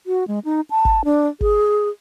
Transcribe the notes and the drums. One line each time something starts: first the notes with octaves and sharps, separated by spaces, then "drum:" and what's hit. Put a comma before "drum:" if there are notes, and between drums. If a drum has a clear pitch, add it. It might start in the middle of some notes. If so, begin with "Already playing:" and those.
F#4
G#3
D#4
A5
drum: kick G1
D4
G#4, drum: kick G1